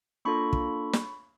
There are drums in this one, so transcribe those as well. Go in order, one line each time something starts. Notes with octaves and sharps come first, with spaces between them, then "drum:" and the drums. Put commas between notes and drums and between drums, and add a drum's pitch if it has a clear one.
A#3 D4 F4 A4 B5 C#6
drum: kick
drum: snare